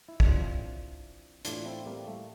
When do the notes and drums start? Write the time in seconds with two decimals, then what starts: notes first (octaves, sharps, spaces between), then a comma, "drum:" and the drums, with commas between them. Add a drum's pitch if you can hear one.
0.09 E4
0.20 C3 E3 D4 F4, drum: kick
1.45 A2 E3 D4 F4, drum: hi-hat
1.65 C4 E4
1.86 G3 A#3
2.07 A3